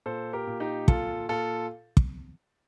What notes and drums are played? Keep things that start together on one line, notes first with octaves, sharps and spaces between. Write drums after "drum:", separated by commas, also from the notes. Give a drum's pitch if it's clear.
A#2 A4 C5
G4 A#4
A#2
D#4 G4
A#2 F4 A4, drum: kick
A#2 F4 A4
drum: kick